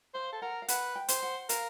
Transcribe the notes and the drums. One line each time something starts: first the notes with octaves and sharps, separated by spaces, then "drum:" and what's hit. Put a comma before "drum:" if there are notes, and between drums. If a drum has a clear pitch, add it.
C5 F5
A4
A#4 F#5
F5
B4 F#5, drum: hi-hat
G5
C5, drum: hi-hat
F#5
A#4 F5, drum: hi-hat